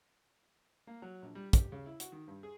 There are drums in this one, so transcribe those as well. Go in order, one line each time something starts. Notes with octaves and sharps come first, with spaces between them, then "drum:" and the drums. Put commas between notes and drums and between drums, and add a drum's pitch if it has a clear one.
A#3
F#3
A#1
G3
G4, drum: kick, hi-hat
C#3
E4
F#4, drum: hi-hat
D#3
G2
G#4